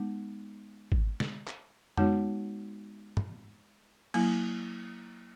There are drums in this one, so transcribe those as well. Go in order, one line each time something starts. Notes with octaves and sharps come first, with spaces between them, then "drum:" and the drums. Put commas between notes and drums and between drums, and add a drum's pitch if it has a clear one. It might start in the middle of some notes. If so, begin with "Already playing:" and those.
Already playing: G#3 B3 D#4
drum: kick G#1
drum: snare
drum: clap
G#3 B3 D#4 F#4 C#5, drum: tom F2
drum: tom
F#3 A#3 E4, drum: cymbal